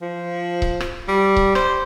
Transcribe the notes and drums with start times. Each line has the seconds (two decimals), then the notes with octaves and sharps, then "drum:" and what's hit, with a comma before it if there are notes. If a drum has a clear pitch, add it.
0.02 F3
0.62 drum: kick C#1
0.80 drum: rim click
1.08 G3
1.36 drum: kick C#1
1.55 C5, drum: rim click